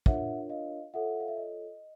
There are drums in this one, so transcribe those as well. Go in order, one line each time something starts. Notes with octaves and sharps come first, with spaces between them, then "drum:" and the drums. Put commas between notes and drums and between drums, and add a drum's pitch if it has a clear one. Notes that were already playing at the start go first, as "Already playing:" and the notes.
D4 F4 A#4 C#5 E5 F#5, drum: kick
D#5 F5
F4 A4 C#5 E5 F#5
F5
E5
D#5